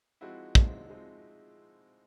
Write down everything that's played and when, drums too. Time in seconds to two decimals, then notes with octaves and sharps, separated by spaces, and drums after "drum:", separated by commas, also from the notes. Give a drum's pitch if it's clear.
0.21 F3 G#3 C4 D#4 E4 F#4
0.55 F3 G#3 C4 D#4, drum: kick
0.90 F3 G#3 C4 D#4